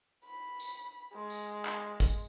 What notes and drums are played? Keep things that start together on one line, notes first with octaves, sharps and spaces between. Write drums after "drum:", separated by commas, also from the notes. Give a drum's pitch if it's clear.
B5
drum: tambourine
G#3
drum: tambourine
drum: clap
drum: kick, tambourine